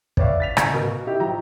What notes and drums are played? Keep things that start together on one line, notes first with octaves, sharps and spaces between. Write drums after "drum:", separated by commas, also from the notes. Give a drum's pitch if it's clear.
B4 C#5 D5 E5 F5, drum: kick
A6 B6 F7
C#3, drum: rim click
B2 A#4
D#4 E4 G4
F3 F#3 G5 A#5